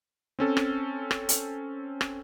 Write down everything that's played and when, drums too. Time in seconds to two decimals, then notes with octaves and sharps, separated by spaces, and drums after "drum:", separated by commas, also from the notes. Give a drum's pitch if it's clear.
0.39 C4 C#4 A4
0.57 drum: rim click
1.11 drum: rim click
1.29 drum: hi-hat
2.01 drum: rim click